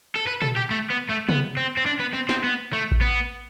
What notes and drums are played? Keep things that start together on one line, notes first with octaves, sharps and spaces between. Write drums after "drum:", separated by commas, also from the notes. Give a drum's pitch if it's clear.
A4
B4
A4, drum: tom A#2
G4
A3
B3
A3
B3, drum: tom
C4
C4
D4
B3
C4
C4, drum: snare
B3
A3
drum: kick A1
B3